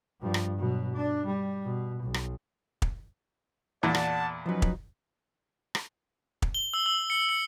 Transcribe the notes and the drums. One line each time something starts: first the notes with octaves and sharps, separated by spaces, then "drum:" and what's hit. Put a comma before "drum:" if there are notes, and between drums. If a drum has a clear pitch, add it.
G2 F3
drum: rim click
B2 F#3
D4
G3
B2
B1
drum: rim click
drum: kick
E2 A#2 D5 F#5 A5
drum: rim click
F3 F#3 C#4 D#4 B4
drum: kick
drum: rim click
drum: kick
G7
E6
E6
C#7
C#7